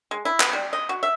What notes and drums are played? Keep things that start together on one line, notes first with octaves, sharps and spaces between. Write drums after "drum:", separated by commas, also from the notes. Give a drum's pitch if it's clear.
G#3
E4
B3, drum: clap
G3
D#5
F#4
E5